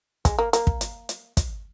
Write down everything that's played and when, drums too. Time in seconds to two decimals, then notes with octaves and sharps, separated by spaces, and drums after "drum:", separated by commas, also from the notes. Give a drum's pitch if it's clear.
0.25 G#3, drum: kick, hi-hat
0.39 A#3
0.53 A#3, drum: hi-hat
0.67 drum: kick
0.81 drum: hi-hat
1.09 drum: hi-hat
1.37 drum: kick, hi-hat